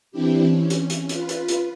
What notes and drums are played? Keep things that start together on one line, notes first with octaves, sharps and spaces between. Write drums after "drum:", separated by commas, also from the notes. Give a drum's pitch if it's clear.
E3 C4 D4 E4 G4
C#4
drum: hi-hat
drum: hi-hat
F4 B4, drum: hi-hat
drum: hi-hat
drum: hi-hat